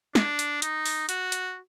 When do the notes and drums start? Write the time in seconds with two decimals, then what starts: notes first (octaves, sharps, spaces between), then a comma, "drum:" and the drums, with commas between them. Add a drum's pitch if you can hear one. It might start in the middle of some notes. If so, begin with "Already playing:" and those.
0.15 D4, drum: snare
0.39 drum: hi-hat
0.62 D#4, drum: hi-hat
0.86 drum: open hi-hat
1.09 F#4, drum: hi-hat
1.32 drum: hi-hat